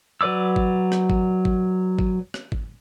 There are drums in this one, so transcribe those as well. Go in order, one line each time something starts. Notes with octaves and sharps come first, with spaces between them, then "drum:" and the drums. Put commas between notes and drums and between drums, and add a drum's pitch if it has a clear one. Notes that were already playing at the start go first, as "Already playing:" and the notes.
F#3 B4 D5 D6 E6
drum: kick
drum: rim click
drum: kick
drum: kick
drum: kick
drum: rim click
drum: kick